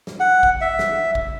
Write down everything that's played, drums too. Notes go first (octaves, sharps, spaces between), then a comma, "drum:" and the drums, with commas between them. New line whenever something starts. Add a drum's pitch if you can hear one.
drum: snare
F#5
drum: kick A1
E5
drum: snare
drum: kick A1